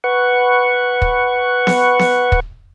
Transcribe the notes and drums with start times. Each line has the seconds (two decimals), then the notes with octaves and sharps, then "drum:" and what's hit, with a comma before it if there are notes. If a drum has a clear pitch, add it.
0.04 B4 F#5 C#6
1.02 drum: kick
1.67 drum: snare B3
1.99 drum: snare B3
2.32 drum: kick